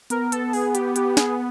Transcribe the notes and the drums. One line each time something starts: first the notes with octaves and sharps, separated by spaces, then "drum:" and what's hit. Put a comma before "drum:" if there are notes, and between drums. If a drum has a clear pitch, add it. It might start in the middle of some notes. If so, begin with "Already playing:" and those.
B3 A#4, drum: hi-hat
A4, drum: hi-hat
G#4, drum: open hi-hat
G4, drum: hi-hat
G4, drum: hi-hat
G#4, drum: snare